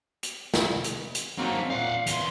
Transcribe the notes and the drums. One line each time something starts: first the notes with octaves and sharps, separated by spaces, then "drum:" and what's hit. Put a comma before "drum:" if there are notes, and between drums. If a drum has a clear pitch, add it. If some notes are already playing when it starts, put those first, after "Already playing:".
drum: hi-hat
drum: snare
drum: hi-hat
drum: hi-hat
F#3 A#3 C4 D#4 A#4
A#2 F5 F#5
E2 C6, drum: hi-hat